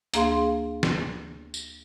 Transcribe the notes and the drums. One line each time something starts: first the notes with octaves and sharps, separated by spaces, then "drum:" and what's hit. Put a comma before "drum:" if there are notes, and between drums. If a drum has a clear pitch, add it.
D2 A#3 G#4 F5 C6, drum: hi-hat
drum: snare
drum: tambourine